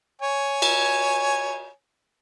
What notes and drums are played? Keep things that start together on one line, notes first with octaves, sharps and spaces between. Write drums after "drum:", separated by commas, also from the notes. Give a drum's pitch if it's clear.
C#5 G#5
drum: cymbal